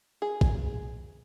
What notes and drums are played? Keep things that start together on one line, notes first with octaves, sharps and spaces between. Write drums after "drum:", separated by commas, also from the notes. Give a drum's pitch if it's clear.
G#4
drum: kick